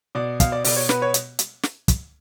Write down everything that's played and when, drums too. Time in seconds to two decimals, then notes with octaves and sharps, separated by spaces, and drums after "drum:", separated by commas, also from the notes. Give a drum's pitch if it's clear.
0.15 B2 D5
0.40 B2 F5, drum: kick, hi-hat
0.52 D5
0.64 B2 D5, drum: open hi-hat
0.76 C#5
0.89 B3 B4, drum: snare
1.02 C#5
1.14 drum: hi-hat
1.39 drum: hi-hat
1.63 drum: snare
1.88 drum: kick, hi-hat